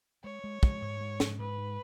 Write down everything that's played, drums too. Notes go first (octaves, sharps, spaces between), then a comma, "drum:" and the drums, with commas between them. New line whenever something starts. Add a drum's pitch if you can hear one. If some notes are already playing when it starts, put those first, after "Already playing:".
G#3 C#5
G#3
G#3, drum: kick
G#2
G#3
G#2, drum: snare
G#2 B4
G#3